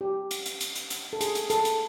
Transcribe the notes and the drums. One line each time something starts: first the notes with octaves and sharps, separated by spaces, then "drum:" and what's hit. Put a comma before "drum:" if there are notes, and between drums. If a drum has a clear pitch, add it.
G4
drum: hi-hat
drum: hi-hat
drum: hi-hat
drum: hi-hat
drum: hi-hat
A4
G#4, drum: hi-hat
drum: hi-hat
A4, drum: hi-hat
drum: hi-hat